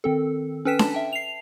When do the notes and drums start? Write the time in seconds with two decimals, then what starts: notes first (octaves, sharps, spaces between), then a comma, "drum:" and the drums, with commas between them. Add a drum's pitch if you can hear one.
0.04 D#3 C4 A4
0.65 C#4 A4 B4 G5 B6 E7
0.79 A5, drum: snare D4
0.93 E5 G5 A5
1.13 C7 F7